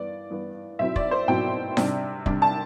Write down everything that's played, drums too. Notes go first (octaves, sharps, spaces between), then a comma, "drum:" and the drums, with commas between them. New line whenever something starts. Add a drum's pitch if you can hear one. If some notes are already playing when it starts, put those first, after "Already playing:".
Already playing: G2 E3 B3 D5
G2 E3 B3
B2 F#3 C4 E4 E5
D5, drum: kick
C5
B2 F#3 C4 E4 G5
C3 G3 D4, drum: snare D#4
C3 G3 D4, drum: kick
A5